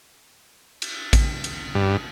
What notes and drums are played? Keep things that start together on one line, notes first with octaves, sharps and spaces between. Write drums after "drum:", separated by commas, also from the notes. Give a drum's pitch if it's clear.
drum: cymbal
drum: kick A1, cymbal
drum: cymbal
G2